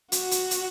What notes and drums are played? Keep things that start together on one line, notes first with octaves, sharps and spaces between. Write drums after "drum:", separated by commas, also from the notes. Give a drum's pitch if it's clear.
F#4, drum: hi-hat
drum: hi-hat
drum: hi-hat